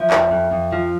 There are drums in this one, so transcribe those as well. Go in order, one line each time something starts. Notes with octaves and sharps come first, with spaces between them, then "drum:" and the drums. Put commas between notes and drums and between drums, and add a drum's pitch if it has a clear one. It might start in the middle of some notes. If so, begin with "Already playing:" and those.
Already playing: F3 E5
F2, drum: clap
F2
F2
F3